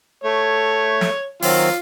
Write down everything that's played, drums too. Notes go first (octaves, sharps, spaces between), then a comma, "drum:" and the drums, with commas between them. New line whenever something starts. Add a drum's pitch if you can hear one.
A3 C#5
drum: snare
D#3 F#3 C4 F4, drum: open hi-hat